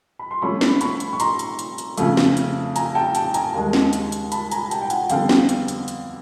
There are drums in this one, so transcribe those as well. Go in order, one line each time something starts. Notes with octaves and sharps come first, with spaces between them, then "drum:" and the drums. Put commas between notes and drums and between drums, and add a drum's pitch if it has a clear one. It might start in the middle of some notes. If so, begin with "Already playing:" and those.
B5
C6
C3 F3 A3 C#4 B5 C#6
drum: snare
B5 C#6, drum: hi-hat
drum: hi-hat
C#6
A#5 C6, drum: hi-hat
drum: hi-hat
drum: hi-hat
drum: hi-hat
F2 C#3 F3 A3, drum: hi-hat
drum: snare
drum: hi-hat
G#5 A#5, drum: hi-hat
G5 A5
G5 A5, drum: hi-hat
G#5 A#5, drum: hi-hat
D#2 D#3 G#3
drum: snare
drum: hi-hat
drum: hi-hat
A5 B5, drum: hi-hat
G#5 A#5, drum: hi-hat
G5 A5, drum: hi-hat
G5
F#5 G#5, drum: hi-hat
F2 D3 G3 B3 F5 G5, drum: hi-hat
drum: snare
drum: hi-hat
drum: hi-hat
drum: hi-hat